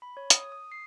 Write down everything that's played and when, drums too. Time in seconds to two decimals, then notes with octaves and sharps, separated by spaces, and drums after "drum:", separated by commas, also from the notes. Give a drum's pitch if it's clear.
0.02 B5
0.17 C#5
0.30 D#6, drum: hi-hat
0.52 D#6
0.72 C7